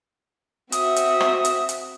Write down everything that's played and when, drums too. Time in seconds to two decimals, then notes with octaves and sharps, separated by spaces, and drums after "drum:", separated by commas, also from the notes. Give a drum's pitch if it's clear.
0.72 C4 F#4 E5 D#6, drum: hi-hat
0.96 drum: hi-hat
1.20 drum: rim click
1.45 drum: hi-hat
1.69 drum: hi-hat